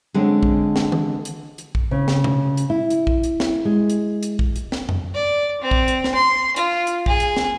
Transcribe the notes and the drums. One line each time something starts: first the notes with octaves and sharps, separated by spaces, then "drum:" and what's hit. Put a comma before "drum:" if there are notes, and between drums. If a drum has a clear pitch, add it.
D3 G#3 C4 C#4
drum: kick
drum: snare
drum: tom D#3
drum: hi-hat
drum: hi-hat
drum: kick
C#3
drum: snare
drum: tom B2
drum: hi-hat
E4
drum: hi-hat
drum: kick
drum: hi-hat
drum: snare
G#3
drum: hi-hat
drum: hi-hat
drum: kick
drum: hi-hat
drum: snare
drum: tom F2
D5
C4
drum: kick
drum: hi-hat
drum: snare
C6
F4, drum: hi-hat
drum: hi-hat
G#4, drum: kick
drum: hi-hat
drum: snare